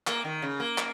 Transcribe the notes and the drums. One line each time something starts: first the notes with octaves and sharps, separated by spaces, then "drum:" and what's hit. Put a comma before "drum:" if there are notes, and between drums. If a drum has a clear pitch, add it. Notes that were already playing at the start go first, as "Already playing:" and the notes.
A#3, drum: clap
D#3
C#3
A#3
drum: clap